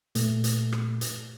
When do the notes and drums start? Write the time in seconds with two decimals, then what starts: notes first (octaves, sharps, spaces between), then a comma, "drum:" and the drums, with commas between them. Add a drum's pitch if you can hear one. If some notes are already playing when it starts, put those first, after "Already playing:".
0.15 A#2 A3, drum: hi-hat
0.44 drum: hi-hat
0.72 drum: rim click
1.01 drum: hi-hat